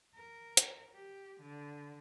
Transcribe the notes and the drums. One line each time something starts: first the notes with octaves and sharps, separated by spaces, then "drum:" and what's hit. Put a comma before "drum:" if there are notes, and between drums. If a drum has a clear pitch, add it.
A#4
drum: hi-hat
G4
D3